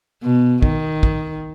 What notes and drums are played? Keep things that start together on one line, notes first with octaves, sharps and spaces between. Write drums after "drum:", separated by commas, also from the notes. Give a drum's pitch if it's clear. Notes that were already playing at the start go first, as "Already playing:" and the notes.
B2
D#3, drum: kick
drum: kick